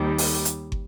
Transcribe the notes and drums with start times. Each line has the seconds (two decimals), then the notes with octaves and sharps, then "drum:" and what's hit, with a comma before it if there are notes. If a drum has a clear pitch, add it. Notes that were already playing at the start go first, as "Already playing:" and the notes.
Already playing: D#2 D#3 G3
0.18 drum: open hi-hat
0.45 drum: hi-hat
0.72 drum: kick